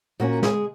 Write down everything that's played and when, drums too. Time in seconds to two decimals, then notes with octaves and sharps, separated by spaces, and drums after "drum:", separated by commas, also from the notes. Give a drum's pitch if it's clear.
0.20 A#2 A#3 C#4 F#4
0.43 G#3 G#4, drum: snare